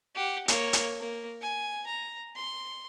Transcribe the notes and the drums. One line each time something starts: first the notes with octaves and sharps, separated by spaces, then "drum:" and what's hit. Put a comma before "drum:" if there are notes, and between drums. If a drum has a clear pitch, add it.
G4 F#5
A#3 C#5, drum: hi-hat
drum: hi-hat
A#3
G#5
A#5
C6